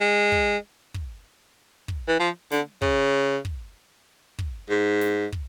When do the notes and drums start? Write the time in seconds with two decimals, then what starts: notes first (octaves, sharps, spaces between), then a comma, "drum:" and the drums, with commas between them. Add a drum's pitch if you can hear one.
0.01 G#3
0.32 drum: kick
0.94 drum: kick
1.88 drum: kick
2.08 E3
2.20 F3
2.51 D3, drum: snare
2.81 C#3, drum: kick
3.45 drum: kick
4.39 drum: kick
4.70 G#2
5.01 drum: snare
5.32 drum: kick